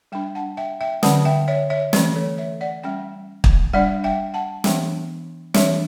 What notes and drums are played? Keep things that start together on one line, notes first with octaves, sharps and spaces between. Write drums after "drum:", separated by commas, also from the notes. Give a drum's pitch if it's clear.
G3 D4 E5 G5
F#5 A5
E5 G5
E5 G5
D3 F#3 C#4 F#5 A5, drum: snare
E5 G5
C#5 E5
C#5 E5
E3 A3 C#4 B4 D5, drum: snare
A4 C#5
C#5 E5
D5 F#5
G3 C#4 E5 G5
drum: kick
G3 D4 D5 F#5
E5 G5
F#5 A5
E3 B3 D4 E5 G5, drum: snare
E3 G3 D4 C#5 E5, drum: snare